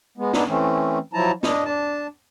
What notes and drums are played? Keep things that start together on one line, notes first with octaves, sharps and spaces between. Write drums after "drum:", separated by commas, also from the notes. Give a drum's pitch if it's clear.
G#3 B3
B3 D4 D#4, drum: snare
E3 A3 C4 C#4
F3 F#3 E4 A5 A#5
D4 D#5, drum: snare
D4 A5